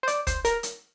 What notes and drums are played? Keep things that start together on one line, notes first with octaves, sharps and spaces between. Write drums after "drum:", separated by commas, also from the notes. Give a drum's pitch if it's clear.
C5
D5, drum: hi-hat
C5, drum: kick, hi-hat
A#4, drum: hi-hat
drum: hi-hat